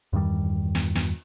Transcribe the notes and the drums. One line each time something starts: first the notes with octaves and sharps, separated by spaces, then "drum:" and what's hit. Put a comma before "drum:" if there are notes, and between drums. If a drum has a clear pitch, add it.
E2 G2 D#3 G3
drum: snare
drum: snare